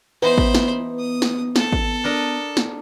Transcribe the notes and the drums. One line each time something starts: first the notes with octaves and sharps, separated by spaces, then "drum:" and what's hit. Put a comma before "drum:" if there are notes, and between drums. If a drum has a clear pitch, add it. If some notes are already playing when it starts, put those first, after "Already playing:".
E3 B3 D#4 C5 B5
drum: kick G#1
drum: snare
D#6
drum: snare
A4, drum: snare
drum: kick G#1
D4 A#4 D#5
drum: snare